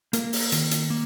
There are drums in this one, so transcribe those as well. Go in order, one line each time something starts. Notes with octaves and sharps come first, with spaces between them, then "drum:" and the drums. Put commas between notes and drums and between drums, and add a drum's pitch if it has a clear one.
A#3 A#4, drum: hi-hat
drum: open hi-hat
D#3, drum: hi-hat
drum: hi-hat
A#3